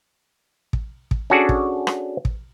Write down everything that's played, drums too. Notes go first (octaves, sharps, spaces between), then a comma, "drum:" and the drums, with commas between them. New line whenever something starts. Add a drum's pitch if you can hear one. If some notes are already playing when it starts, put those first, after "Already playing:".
drum: kick
drum: kick
C#4 D4 F#4 G#4 A4 D5
drum: kick
drum: rim click
drum: kick